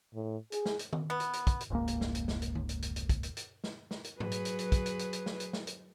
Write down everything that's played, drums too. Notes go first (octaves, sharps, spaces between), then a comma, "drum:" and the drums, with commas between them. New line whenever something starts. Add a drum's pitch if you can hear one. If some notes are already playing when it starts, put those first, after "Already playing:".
A2
G#4, drum: hi-hat
drum: snare
drum: hi-hat
drum: tom D#3
B3
drum: hi-hat
drum: hi-hat
drum: kick, hi-hat
drum: hi-hat
F1 C#2 G#2 A#3
drum: hi-hat
drum: snare
drum: hi-hat
drum: snare
drum: hi-hat
drum: tom D3
drum: hi-hat
drum: hi-hat
drum: hi-hat
drum: kick, hi-hat
drum: hi-hat
drum: hi-hat
drum: snare
drum: snare
drum: hi-hat
F#3 G#4 B4, drum: tom G#2
drum: hi-hat
drum: hi-hat
drum: hi-hat
drum: kick, hi-hat
drum: hi-hat
drum: hi-hat
drum: hi-hat
drum: snare
drum: hi-hat
drum: snare
drum: hi-hat